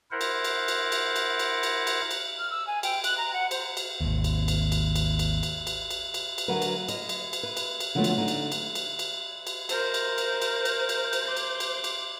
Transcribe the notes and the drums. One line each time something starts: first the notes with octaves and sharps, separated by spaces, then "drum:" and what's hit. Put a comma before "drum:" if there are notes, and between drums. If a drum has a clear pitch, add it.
E4 A#4 C5 F#5
drum: cymbal
drum: cymbal
drum: cymbal
drum: cymbal
drum: cymbal
drum: cymbal
drum: cymbal
drum: cymbal
drum: cymbal
F6
E6
G#5
G5, drum: cymbal
F#6, drum: cymbal
A#5
F#5
C5, drum: cymbal
drum: cymbal
G#1 D#2
drum: cymbal
drum: cymbal
drum: cymbal
drum: cymbal
drum: cymbal
drum: cymbal
drum: cymbal
drum: cymbal
drum: cymbal
drum: cymbal
D3 F#3 F#4 A#4 B4
drum: cymbal
D#5, drum: cymbal
drum: cymbal
drum: cymbal
B4
drum: cymbal
drum: cymbal
D3 F3 F#3 G#3 A3 B3
drum: cymbal
D3 D#4
drum: cymbal
drum: cymbal
drum: cymbal
drum: cymbal
drum: cymbal
A#4 C5, drum: cymbal
drum: cymbal
drum: cymbal
drum: cymbal
drum: cymbal
drum: cymbal
drum: cymbal
C6 D6
drum: cymbal
drum: cymbal
drum: cymbal